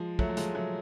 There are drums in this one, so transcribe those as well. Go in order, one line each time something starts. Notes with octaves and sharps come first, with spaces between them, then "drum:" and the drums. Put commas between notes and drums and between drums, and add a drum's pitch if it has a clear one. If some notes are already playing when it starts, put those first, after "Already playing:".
Already playing: F3 G#3
F#3 A3, drum: kick
A3
F3 G#3, drum: hi-hat
F#3 A3